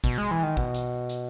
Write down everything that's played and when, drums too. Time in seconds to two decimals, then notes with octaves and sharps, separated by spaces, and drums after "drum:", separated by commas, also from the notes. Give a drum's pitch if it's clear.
0.04 B2, drum: kick
0.18 G#3
0.31 E3
0.43 D#3
0.57 B2, drum: kick
0.74 drum: hi-hat
1.10 drum: hi-hat